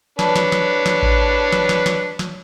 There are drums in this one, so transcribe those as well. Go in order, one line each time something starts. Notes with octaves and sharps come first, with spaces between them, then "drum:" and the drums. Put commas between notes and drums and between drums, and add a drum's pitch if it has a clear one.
D4 B4 C#5, drum: snare
drum: snare
drum: snare
drum: snare
drum: kick A1
drum: snare
drum: snare
drum: snare
drum: snare